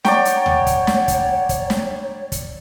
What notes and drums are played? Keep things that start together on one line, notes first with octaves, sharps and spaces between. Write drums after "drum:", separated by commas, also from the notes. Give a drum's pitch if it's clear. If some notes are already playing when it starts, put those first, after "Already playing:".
C#5 D5 F#5 G5 A#5 C#6, drum: snare
drum: hi-hat
drum: tom D2
drum: kick, hi-hat
drum: snare
drum: kick, hi-hat
drum: kick, hi-hat
drum: snare
drum: kick, hi-hat